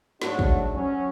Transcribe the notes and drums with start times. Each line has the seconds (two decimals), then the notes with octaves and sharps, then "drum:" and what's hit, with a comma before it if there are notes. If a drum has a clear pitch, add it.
0.22 G#2 F#3 A3 D4 F#4, drum: snare
0.39 drum: kick
0.75 F#3 C#4